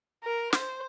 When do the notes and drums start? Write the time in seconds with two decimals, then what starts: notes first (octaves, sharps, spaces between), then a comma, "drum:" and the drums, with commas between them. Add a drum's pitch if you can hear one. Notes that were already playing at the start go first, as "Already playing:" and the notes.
0.25 A#4
0.53 C5, drum: snare